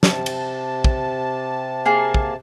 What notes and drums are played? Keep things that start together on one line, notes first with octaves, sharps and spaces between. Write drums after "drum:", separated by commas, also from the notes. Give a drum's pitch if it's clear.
C3 A5, drum: snare
drum: cymbal
drum: kick
A#3 G#4
drum: kick